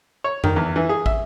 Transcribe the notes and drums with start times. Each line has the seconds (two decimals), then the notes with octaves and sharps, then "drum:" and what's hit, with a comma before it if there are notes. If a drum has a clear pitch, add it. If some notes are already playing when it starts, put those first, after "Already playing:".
0.24 C#5
0.44 D#3, drum: tom F2
0.56 E2
0.76 E3
0.89 G#4
1.06 E5, drum: kick